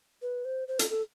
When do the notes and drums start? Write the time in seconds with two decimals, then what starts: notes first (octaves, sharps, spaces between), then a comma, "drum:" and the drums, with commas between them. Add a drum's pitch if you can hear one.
0.22 B4
0.45 C5
0.68 C5
0.79 A4, drum: hi-hat
0.90 A4